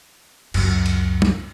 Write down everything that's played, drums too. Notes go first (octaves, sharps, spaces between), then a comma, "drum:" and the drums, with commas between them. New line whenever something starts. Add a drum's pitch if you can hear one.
C#2 F#2, drum: cymbal
drum: cymbal
drum: tom